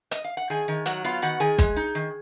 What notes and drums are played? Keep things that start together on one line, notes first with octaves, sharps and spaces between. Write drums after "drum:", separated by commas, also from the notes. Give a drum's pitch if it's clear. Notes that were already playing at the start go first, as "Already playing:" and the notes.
D#5, drum: hi-hat
F5
F#5
D#3 G#4 G#5
D#3
F#3 F#4 F#5, drum: hi-hat
B3 F4 F5
D#3 F#4 F#5
D#3 G#4 G#5
G#3, drum: kick, hi-hat
D#4
D#3